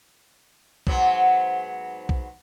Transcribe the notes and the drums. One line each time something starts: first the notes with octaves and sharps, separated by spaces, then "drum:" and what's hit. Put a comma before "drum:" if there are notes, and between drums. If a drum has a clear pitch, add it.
G#2 F#3 B3, drum: kick B1
drum: kick B1